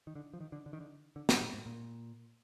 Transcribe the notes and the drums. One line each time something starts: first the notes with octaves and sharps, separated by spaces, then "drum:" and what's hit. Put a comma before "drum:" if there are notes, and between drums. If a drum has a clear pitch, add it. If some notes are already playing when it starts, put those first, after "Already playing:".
D#3
D3
F3
D#3
D3
D3
D#3
D3
D3
D3, drum: snare
A#2
G#2
A#2